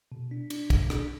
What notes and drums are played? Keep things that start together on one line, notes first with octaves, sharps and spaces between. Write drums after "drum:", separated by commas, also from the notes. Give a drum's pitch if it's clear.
B2
D4
D4, drum: cymbal
B2, drum: kick, cymbal
D4, drum: rim click